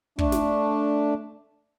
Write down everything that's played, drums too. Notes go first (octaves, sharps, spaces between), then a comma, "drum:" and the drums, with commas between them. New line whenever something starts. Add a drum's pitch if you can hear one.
A3 D4, drum: kick
drum: snare